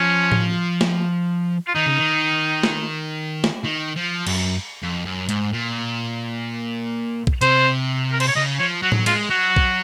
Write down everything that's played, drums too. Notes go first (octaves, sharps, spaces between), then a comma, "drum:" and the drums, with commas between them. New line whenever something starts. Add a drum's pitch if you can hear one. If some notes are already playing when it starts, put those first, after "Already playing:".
Already playing: F3 C#4
drum: tom A2
drum: snare
F4
D#3 D#4
C#3
D#3
drum: snare
drum: snare
D#3
F3
F#2, drum: cymbal
F2
F#2
G#2, drum: hi-hat
A#2
drum: kick
C3 C5, drum: hi-hat
A#4
C5, drum: cymbal
C#5
C#3 D#5
F3 C#5
F#3 F#4
drum: tom A2
G#3 F4, drum: cymbal
F#3 F#4
drum: kick